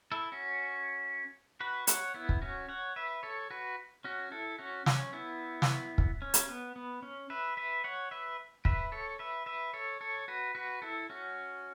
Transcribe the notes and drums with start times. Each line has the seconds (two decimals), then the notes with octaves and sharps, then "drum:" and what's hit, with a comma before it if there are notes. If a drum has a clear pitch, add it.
0.12 E4 A4
0.32 C#4 F#4
1.60 F#4 B4
1.87 C#5 F#5, drum: hi-hat
2.14 B3 E4
2.29 drum: kick
2.42 C#4 F#4
2.69 C#5 F#5
2.96 B4 E5
3.23 A4 C#5
3.50 F#4 B4
4.04 C#4 F#4
4.32 E4 A4
4.59 C#4 F#4
4.86 C#4, drum: snare
5.13 B3 E4
5.62 drum: snare
5.98 drum: kick
6.22 C#4
6.34 drum: hi-hat
6.48 B3
6.76 B3
7.02 C#4
7.30 B4 E5
7.57 B4 E5
7.84 C#5 F#5
8.11 B4 E5
8.65 B4 E5, drum: kick
8.92 A4 C#5
9.19 B4 E5
9.46 B4 E5
9.74 A4 C#5
10.01 A4 C#5
10.28 F#4 B4
10.55 F#4 B4
10.82 E4 A4
11.10 C#4 F#4